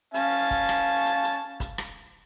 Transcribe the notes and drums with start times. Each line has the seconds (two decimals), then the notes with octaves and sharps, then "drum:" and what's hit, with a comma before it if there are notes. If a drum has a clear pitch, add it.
0.14 C#4 F5 A5, drum: hi-hat
0.51 drum: kick, hi-hat
0.69 drum: rim click
1.05 drum: hi-hat
1.23 drum: hi-hat
1.60 drum: kick, hi-hat
1.78 drum: rim click